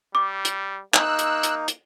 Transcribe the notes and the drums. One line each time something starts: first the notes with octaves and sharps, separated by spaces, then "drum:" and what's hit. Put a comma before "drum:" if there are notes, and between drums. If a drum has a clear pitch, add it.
G3 D6
drum: hi-hat
A#3 D#4 E6 F#6, drum: clap
drum: hi-hat
drum: hi-hat
drum: hi-hat